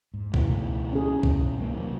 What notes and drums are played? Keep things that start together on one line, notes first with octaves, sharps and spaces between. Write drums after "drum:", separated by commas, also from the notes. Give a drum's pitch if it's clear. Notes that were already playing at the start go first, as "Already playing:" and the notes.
G#2
C#2 G#2 B2 E3 A3, drum: kick
C#4 G#4
drum: kick
B1
E1 C2 E3 A#3 C4
C3 F#3